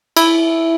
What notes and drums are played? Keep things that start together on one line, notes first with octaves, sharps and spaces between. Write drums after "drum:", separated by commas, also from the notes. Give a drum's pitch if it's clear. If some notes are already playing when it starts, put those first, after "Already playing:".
E4, drum: cymbal